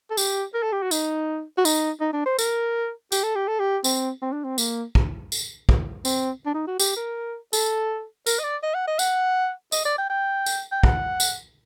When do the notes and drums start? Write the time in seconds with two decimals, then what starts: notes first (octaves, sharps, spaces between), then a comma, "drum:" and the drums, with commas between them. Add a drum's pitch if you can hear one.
0.11 A4
0.17 G4, drum: tambourine
0.54 A#4
0.63 A4
0.73 G4
0.82 F#4
0.91 D#4, drum: tambourine
1.58 F#4
1.65 D#4, drum: tambourine
2.01 D#4
2.13 D4
2.26 C5
2.39 A#4, drum: tambourine
3.12 G4, drum: tambourine
3.23 A4
3.35 G4
3.48 A4
3.60 G4
3.84 C4, drum: tambourine
4.22 C4
4.32 D4
4.44 C4
4.58 A#3, drum: tambourine
4.95 drum: kick
5.32 drum: tambourine
5.69 drum: kick
6.05 C4, drum: tambourine
6.46 D4
6.54 D#4
6.67 F#4
6.80 G4, drum: tambourine
6.97 A#4
7.53 A4, drum: tambourine
8.26 A#4, drum: tambourine
8.39 D#5
8.44 D5
8.63 D#5
8.75 F#5
8.88 D#5
8.99 F#5, drum: tambourine
9.72 D#5, drum: tambourine
9.85 D5
9.98 G5
10.10 G5
10.46 drum: tambourine
10.72 G5
10.83 F#5, drum: kick
11.20 drum: tambourine